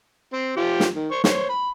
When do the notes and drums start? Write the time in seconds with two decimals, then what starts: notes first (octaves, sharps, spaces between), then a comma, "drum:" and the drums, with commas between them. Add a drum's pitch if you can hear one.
0.33 C4
0.57 F3 F4 G4
0.80 drum: snare
0.94 D#3
1.11 C5 C#6
1.24 C5 C#5, drum: snare
1.49 B5